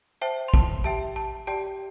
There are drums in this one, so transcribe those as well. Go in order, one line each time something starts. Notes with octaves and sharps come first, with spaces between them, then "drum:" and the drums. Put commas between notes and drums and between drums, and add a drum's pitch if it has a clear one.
C5 E5 G5 A5
C6
A5, drum: kick
G4 E5 G5 A5
A5
G4 D5 G5 A5